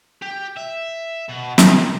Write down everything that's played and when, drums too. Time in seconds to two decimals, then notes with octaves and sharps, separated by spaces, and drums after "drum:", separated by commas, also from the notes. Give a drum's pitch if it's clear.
0.22 G4
0.57 E5
1.29 B2
1.58 C3, drum: snare